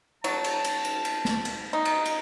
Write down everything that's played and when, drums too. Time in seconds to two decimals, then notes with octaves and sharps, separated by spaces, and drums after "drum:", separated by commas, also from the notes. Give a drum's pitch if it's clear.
0.24 F#3 A5, drum: cymbal
0.44 drum: cymbal
0.65 drum: cymbal
0.85 drum: cymbal
1.05 drum: cymbal
1.25 drum: snare
1.45 drum: cymbal
1.73 D#4
1.85 drum: cymbal
2.05 drum: cymbal